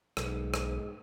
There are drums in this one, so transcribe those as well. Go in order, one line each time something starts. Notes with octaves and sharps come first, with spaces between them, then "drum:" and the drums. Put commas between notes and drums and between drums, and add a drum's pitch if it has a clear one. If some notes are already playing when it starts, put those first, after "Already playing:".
B1 G#2, drum: rim click
drum: rim click